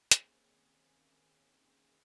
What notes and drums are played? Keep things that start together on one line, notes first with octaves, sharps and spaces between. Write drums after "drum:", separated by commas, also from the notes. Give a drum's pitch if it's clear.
D#3 A#3 C4 C#4 G#4, drum: hi-hat